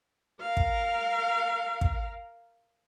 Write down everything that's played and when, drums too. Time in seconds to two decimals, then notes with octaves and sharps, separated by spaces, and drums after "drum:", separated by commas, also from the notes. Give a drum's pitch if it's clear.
0.41 A#4 F5
0.57 drum: kick
1.81 drum: kick